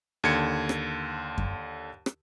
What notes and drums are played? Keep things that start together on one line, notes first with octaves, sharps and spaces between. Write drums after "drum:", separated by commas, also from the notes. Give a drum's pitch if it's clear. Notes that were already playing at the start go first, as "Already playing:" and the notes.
D#2 D3 G#6 C#7
drum: rim click
drum: kick F#2
drum: rim click